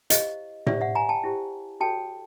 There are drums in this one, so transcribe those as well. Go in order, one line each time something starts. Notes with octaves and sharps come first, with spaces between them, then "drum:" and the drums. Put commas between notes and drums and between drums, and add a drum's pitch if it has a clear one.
E4 G4 C5 D#5 F5, drum: hi-hat
E4 G4 C5 D5 E5, drum: tom A2
E5 F#5
G#5 A#5
G5 A5
E4 G4 C5
F#4 A4 C#5 G5 A5